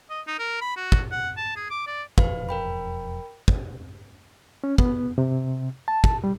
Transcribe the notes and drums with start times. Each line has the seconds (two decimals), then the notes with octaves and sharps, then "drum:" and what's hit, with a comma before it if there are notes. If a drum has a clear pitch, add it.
0.10 D#5
0.27 D#4
0.39 A#4
0.61 B5
0.77 F#4
0.92 drum: kick
1.11 F#5
1.37 A5
1.56 G#4
1.70 D6
1.87 D5
2.18 E1 F2 B4 F5, drum: kick
2.49 A#4 G5 B5
3.48 drum: kick
4.64 C#4
4.78 B3, drum: kick
5.18 C3
5.88 A5
6.04 drum: kick
6.24 G3